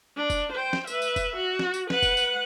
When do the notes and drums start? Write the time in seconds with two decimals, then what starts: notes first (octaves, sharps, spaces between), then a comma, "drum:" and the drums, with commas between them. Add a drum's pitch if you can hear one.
0.17 D4
0.30 drum: kick, tambourine
0.52 C5 G5
0.73 drum: snare
0.87 B4 E5, drum: tambourine
1.02 drum: tambourine
1.16 drum: kick, tambourine
1.36 F#4
1.59 drum: snare
1.74 drum: tambourine
1.90 B4 F#5, drum: snare
2.03 drum: kick, tambourine
2.17 drum: tambourine